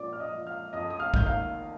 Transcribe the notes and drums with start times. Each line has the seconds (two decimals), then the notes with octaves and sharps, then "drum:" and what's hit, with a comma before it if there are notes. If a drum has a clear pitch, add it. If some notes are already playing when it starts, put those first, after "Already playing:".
Already playing: A#2 F3 D5 D6
0.13 F6
0.20 D#5 D#6
0.33 F3
0.47 F5 F6
0.73 F2 D#5 D#6
0.90 D#6
0.99 F5 F6
1.14 D#3 G6, drum: kick
1.26 F5 F6